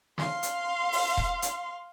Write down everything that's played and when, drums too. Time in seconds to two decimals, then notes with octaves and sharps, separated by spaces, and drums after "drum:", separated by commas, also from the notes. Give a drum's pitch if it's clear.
0.18 F5 C6, drum: snare
0.43 drum: hi-hat
0.92 drum: open hi-hat
1.17 drum: kick E1
1.42 drum: hi-hat